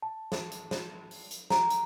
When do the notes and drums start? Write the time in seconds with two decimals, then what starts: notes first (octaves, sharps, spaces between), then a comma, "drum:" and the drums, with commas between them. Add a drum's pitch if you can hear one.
0.02 A5
0.32 drum: snare
0.52 drum: hi-hat
0.71 drum: snare
1.11 drum: open hi-hat
1.31 drum: hi-hat
1.50 A#5, drum: snare
1.70 drum: hi-hat